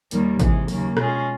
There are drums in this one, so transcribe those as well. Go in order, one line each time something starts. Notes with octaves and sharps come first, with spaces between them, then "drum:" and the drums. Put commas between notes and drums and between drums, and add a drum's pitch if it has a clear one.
D#2 D#3 G3 A#3, drum: hi-hat
C3 E3 G#3, drum: kick, hi-hat
D#2 C#3 F#3 A#3, drum: open hi-hat
B2 G#3 C#4 F4 G#4, drum: rim click